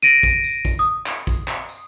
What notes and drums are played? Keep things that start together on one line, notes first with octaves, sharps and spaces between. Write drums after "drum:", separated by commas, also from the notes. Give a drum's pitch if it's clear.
A#6 D7 D#7, drum: tambourine
drum: kick, tambourine
drum: tambourine
drum: kick, tambourine
D#6
drum: clap
drum: kick, tambourine
drum: clap
drum: tambourine